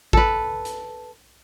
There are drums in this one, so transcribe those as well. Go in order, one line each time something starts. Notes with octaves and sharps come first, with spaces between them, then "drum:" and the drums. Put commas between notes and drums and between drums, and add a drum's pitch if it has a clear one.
A4 B4, drum: kick A1
drum: hi-hat